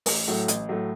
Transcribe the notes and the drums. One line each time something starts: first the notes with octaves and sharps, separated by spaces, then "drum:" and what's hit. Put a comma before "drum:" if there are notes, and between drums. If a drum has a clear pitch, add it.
A1, drum: open hi-hat
A2 F#3 A3
A1, drum: hi-hat
A2 F#3 A3